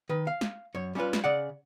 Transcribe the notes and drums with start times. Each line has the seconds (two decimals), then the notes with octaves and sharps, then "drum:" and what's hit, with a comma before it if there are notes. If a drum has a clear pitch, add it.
0.09 D#3 B4
0.27 F5
0.41 drum: snare
0.75 F#2 C#5
0.95 G3 C#4 D4 F4 B4
1.13 drum: snare
1.24 C#3 D5 F#5